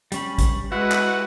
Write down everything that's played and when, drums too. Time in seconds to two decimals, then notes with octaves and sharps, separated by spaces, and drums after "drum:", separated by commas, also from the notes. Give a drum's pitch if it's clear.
0.12 G3 C#4 B5, drum: hi-hat
0.38 drum: kick, hi-hat
0.72 G#3 E4 F#4 B4
0.92 drum: clap